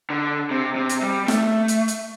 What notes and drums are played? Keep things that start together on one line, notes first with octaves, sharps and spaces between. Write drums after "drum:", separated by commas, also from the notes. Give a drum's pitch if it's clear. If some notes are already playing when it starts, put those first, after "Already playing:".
D3
C3
C3
drum: hi-hat
G3
A3, drum: snare
drum: hi-hat
drum: hi-hat